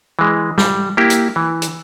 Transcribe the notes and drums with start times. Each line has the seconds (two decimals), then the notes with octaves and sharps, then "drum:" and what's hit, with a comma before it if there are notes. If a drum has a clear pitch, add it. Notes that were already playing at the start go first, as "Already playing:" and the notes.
0.19 E3 G#3
0.58 G3, drum: snare
0.97 A#3 E4 G4
1.10 drum: hi-hat
1.36 E3
1.62 drum: hi-hat